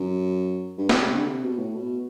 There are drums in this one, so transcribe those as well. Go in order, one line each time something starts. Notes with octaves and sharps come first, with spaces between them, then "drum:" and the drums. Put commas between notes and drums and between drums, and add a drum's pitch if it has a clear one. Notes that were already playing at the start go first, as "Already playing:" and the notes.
Already playing: F#2
G2
A2, drum: snare
C3
D3
C3
B2
A2
B2